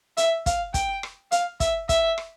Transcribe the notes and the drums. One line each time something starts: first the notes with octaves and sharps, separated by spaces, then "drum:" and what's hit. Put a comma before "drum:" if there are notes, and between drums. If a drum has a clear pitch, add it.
E5, drum: hi-hat
F5, drum: kick, hi-hat
G5, drum: kick, hi-hat
drum: rim click
F5, drum: hi-hat
E5, drum: kick, hi-hat
E5, drum: kick, hi-hat
drum: rim click